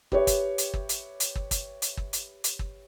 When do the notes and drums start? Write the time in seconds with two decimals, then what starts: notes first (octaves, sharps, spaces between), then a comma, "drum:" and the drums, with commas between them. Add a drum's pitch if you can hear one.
0.12 G4 B4 C#5 E5, drum: kick
0.27 drum: kick, hi-hat
0.58 drum: hi-hat
0.74 drum: kick
0.89 drum: hi-hat
1.20 drum: hi-hat
1.35 drum: kick
1.51 drum: kick, hi-hat
1.82 drum: hi-hat
1.97 drum: kick
2.13 drum: hi-hat
2.44 drum: hi-hat
2.59 drum: kick